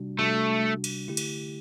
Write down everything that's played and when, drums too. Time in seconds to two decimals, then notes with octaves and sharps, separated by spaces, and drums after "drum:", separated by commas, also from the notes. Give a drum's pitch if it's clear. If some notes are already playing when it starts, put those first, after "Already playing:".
Already playing: C3 G3 D4 F#4
0.19 C3 G3 A3 D4 F#4
0.84 drum: cymbal
1.08 D3 A3 E4 G4
1.17 drum: cymbal